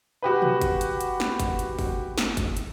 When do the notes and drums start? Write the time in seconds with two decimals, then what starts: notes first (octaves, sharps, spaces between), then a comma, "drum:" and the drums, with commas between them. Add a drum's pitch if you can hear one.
0.22 F#4 G4 B4
0.42 drum: tom
0.61 drum: kick F#1, hi-hat
0.81 drum: hi-hat
1.01 drum: hi-hat
1.20 drum: snare
1.40 drum: kick F#1, hi-hat
1.59 drum: hi-hat
1.79 drum: kick F#1, open hi-hat
2.18 drum: snare
2.37 drum: kick F#1, hi-hat
2.57 drum: hi-hat